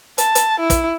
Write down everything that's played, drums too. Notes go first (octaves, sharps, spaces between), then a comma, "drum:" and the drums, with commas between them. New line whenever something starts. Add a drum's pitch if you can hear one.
A5, drum: hi-hat
drum: hi-hat
E4
drum: kick, hi-hat